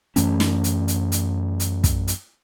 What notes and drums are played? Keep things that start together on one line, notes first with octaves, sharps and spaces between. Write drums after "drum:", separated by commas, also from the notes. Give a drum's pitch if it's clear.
F#2 E3 A3 C#4, drum: hi-hat
drum: snare
drum: hi-hat
drum: hi-hat
drum: hi-hat
drum: hi-hat
drum: kick, hi-hat
drum: hi-hat